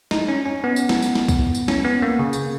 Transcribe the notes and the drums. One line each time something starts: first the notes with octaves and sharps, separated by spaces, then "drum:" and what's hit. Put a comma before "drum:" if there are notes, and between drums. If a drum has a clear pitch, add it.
D#4, drum: snare
C#4
C#4
B3
drum: tambourine
drum: snare
drum: tambourine
drum: snare
drum: kick C2, tambourine
drum: tambourine
C#4, drum: snare
B3
A#3
C#3
drum: tambourine